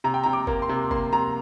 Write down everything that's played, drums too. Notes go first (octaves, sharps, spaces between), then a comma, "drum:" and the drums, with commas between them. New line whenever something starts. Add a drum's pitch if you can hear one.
C3 A#5
G5
C3 A#5
D6
A#3, drum: kick G1
C6
C3
A#3 C6, drum: kick G1
C3 A#5